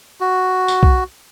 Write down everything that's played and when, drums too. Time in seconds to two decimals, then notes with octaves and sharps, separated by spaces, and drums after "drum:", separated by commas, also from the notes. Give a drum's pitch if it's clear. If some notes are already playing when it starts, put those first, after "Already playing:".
0.20 F#4
0.68 drum: tambourine
0.83 drum: kick B1